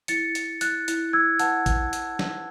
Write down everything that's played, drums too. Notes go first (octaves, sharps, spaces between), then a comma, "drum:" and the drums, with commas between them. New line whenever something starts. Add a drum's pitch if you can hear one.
E4 A6 C#7, drum: hi-hat
E4, drum: hi-hat
E4 F#6 A6, drum: hi-hat
E4, drum: hi-hat
E4 E6 G#6
B4 F#5 A5, drum: hi-hat
B4, drum: kick, hi-hat
E4, drum: hi-hat
B4, drum: snare F#3